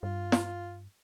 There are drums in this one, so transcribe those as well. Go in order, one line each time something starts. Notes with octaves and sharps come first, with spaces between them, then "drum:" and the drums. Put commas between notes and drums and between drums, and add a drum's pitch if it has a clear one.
G2 F4
drum: snare